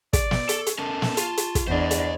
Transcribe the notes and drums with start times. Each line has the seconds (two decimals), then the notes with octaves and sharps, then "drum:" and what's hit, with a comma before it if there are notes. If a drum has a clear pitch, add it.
0.13 D5, drum: kick, hi-hat
0.31 drum: snare
0.49 A4, drum: hi-hat
0.66 drum: hi-hat
0.79 C#4 A4 A#4 A5
1.02 drum: snare
1.17 F4, drum: hi-hat
1.37 drum: hi-hat
1.55 drum: kick, hi-hat
1.68 E2 D4 C5 D#5
1.91 drum: hi-hat